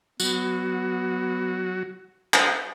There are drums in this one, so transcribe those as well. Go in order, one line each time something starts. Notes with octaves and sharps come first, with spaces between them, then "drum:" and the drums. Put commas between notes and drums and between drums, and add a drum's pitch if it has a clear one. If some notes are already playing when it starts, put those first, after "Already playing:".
F#3 B3 F#4, drum: tambourine
drum: clap